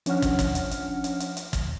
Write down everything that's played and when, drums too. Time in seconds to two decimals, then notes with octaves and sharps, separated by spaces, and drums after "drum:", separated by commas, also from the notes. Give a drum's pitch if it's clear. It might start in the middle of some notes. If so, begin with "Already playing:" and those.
0.06 F3 C#4 D4 C#5 F#5 F6, drum: hi-hat
0.22 drum: kick, hi-hat
0.39 drum: kick, hi-hat
0.55 drum: hi-hat
0.71 drum: hi-hat
1.04 drum: hi-hat
1.20 drum: hi-hat
1.37 drum: hi-hat
1.53 drum: kick, hi-hat